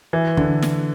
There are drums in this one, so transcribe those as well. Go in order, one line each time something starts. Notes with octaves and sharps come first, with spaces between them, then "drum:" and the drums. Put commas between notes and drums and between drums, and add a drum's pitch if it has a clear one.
E3
D3, drum: kick
drum: snare